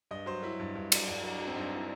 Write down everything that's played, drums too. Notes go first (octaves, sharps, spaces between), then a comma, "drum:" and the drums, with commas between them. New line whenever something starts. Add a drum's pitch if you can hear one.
G2 D#5
F#3 C5
F#3 E4
G2
G2
F#3, drum: cymbal
G2
F#3
F#3
C4
G2 D#4
E4